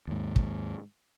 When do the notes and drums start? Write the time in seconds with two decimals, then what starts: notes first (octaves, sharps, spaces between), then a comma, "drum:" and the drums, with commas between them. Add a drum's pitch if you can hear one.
0.08 D#2 G#2
0.36 drum: kick